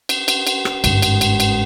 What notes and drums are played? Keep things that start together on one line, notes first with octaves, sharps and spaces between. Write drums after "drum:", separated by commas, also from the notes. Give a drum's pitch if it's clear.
drum: cymbal
drum: cymbal
drum: cymbal
drum: rim click
G1 G#2, drum: cymbal
drum: cymbal
drum: cymbal
drum: cymbal